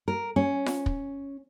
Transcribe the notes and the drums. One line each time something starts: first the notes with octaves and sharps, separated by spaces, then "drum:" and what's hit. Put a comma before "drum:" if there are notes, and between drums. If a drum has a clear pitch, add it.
A#4
C#4
drum: snare F4
drum: kick